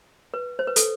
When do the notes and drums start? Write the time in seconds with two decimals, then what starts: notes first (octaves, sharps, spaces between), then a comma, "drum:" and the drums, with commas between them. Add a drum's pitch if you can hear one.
0.34 B4
0.59 C5
0.67 B4
0.76 A4, drum: hi-hat